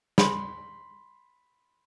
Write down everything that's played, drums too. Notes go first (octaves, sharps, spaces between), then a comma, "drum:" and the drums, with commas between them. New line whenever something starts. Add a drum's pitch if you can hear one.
B5 C6, drum: snare